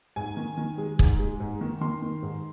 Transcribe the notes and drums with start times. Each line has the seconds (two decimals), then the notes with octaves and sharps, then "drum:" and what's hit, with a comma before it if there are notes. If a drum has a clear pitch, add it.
0.16 G#2 G#5
0.37 D#3
0.57 D#3
0.78 G#3
0.99 G#2, drum: kick
1.19 G#3
1.40 G#2
1.61 D#3
1.81 D#3 C6
2.02 D#3
2.23 G#2